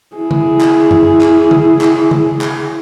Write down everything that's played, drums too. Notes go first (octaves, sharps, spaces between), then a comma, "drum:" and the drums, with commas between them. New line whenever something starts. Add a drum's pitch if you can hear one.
E4 G#4
drum: tom C#3
drum: clap
drum: tom F#2
drum: clap
drum: tom C#3
drum: clap
drum: tom C#3
drum: clap